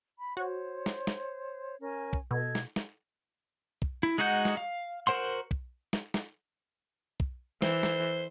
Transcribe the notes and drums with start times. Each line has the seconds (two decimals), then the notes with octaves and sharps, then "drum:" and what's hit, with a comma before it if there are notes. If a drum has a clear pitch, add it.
0.15 B5
0.37 F#4 C5 C#5
0.86 drum: snare
1.07 drum: snare
1.80 C#4 A#4 G#5
2.13 drum: kick
2.31 B2 A4 D#5 G#6
2.55 drum: snare
2.76 drum: snare
3.82 drum: kick
4.03 E4
4.18 G#3 D#4 F#4 F#5 G6
4.45 drum: snare
4.57 F5
5.07 F#4 A#4 C5 F#5 C6
5.51 drum: kick
5.93 drum: snare
6.14 drum: snare
7.20 drum: kick
7.62 E3 C5, drum: snare
7.83 drum: snare